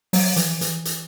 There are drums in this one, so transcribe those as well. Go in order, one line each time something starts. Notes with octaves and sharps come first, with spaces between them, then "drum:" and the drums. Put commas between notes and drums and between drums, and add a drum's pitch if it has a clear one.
F#3, drum: open hi-hat
E3, drum: hi-hat
E3, drum: hi-hat
drum: hi-hat